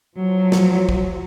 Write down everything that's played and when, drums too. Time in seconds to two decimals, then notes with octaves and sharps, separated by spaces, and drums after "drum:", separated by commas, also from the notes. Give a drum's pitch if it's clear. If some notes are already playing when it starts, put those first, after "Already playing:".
0.15 F3 F#3
0.52 drum: snare
0.89 drum: kick